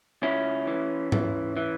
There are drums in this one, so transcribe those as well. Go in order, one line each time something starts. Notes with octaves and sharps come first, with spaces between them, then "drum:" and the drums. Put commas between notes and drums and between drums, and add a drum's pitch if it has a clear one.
C#2 C#4 E4
E3
E3, drum: tom G#2
E3